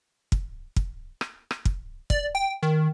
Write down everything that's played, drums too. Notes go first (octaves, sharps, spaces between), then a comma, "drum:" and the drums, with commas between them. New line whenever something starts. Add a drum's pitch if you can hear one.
drum: kick
drum: kick
drum: rim click
drum: rim click
drum: kick
D5, drum: kick
G5
D#3